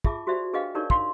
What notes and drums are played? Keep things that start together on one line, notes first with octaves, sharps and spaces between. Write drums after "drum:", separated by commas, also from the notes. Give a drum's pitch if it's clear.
F4 G#4 E5 A5 D6, drum: kick
F#4 G4 C5 D5 E5
D4 G#4 B4 D#5 F5 G5
D4 D#4 G4 A#4 C#5 D5
D5 F5 C6, drum: kick